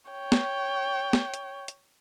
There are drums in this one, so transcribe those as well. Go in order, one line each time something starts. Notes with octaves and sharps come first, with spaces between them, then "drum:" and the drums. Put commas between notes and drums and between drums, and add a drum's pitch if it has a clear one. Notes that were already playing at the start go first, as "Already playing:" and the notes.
C#5 G5
drum: snare
drum: snare
drum: hi-hat
drum: hi-hat